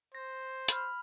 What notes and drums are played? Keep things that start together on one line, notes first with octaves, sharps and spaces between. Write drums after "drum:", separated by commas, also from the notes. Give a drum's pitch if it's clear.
C5 A#6
B5 F6, drum: hi-hat